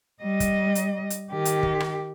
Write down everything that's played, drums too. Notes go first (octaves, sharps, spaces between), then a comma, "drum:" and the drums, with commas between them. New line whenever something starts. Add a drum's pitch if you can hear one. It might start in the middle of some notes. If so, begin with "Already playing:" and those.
G3 D#5
drum: kick, hi-hat
drum: hi-hat
drum: hi-hat
D#3 G4
drum: hi-hat
drum: kick
drum: rim click